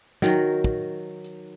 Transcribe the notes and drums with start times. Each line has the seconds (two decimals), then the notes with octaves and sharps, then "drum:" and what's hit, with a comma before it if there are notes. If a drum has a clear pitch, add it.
0.22 D#3 F#3 A#4, drum: snare
0.64 drum: kick
1.24 drum: hi-hat